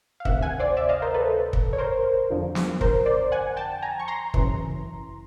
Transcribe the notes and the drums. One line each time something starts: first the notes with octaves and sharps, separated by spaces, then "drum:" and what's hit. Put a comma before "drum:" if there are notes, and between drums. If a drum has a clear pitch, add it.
F5
D2 C3 D#3 E5 F#5, drum: kick
F#5 G#5
C5 D5
D5 E5
D#5 F5
A#4 C5
A4 B4
drum: kick
C#5
A#4 C5
F2 D3 F3
drum: snare
A#4 C5, drum: kick
C5 D5
F#5 G#5
G5 A5
G#5 A#5
C#6
A#5 C6
F#2 C#3 E3, drum: kick